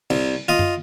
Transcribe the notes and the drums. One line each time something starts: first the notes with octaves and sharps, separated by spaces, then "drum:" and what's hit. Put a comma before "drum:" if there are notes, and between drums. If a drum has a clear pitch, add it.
C2, drum: cymbal
F4 D#5
drum: tom F#2